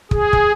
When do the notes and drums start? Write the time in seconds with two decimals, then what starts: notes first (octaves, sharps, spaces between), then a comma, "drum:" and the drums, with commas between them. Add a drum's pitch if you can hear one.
0.11 G#4, drum: kick
0.33 drum: kick